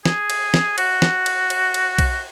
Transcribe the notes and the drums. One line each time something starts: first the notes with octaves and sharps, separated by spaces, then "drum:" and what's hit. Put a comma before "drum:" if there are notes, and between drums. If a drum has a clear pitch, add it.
G#4, drum: snare
drum: cymbal
drum: snare
F#4, drum: cymbal
drum: snare
drum: cymbal
drum: cymbal
drum: cymbal
drum: kick B1, cymbal